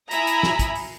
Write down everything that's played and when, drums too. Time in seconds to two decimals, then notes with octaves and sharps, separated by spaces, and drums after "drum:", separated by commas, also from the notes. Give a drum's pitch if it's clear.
0.11 E4 E5 G#5 A#5 B5 D#6, drum: hi-hat
0.27 drum: hi-hat
0.43 drum: snare
0.59 drum: kick, hi-hat
0.75 drum: open hi-hat